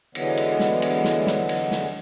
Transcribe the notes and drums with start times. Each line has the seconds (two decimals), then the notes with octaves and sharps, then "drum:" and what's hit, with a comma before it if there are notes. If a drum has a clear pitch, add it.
0.15 D3 E3 F#3 G#3 B3, drum: cymbal
0.37 drum: cymbal
0.60 drum: snare
0.82 drum: cymbal
1.04 drum: snare
1.27 drum: snare
1.49 drum: cymbal
1.71 drum: snare